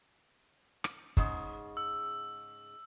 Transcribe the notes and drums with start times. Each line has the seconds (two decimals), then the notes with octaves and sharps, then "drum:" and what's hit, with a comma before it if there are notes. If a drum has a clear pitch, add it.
0.84 drum: rim click
1.17 G#2 C#3, drum: kick
1.77 E6